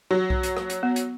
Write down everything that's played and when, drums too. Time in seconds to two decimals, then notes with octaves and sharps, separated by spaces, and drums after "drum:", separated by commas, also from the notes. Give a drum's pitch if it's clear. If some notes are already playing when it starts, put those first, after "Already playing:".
0.11 F#3
0.30 drum: kick B1
0.43 drum: hi-hat
0.57 drum: rim click
0.70 drum: hi-hat
0.83 B3
0.96 drum: hi-hat